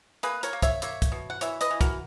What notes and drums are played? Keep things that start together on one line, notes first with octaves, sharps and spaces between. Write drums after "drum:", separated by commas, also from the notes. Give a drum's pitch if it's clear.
A#3 G#4 B4, drum: hi-hat
A#4 C#5, drum: hi-hat
A#3
C#5 E5, drum: kick, hi-hat
A#3 C#5 E5, drum: hi-hat
drum: kick, hi-hat
B2
F#5
E3 C#5 E5, drum: hi-hat
B4 D#5, drum: hi-hat
E3
F#4 A#4, drum: kick, hi-hat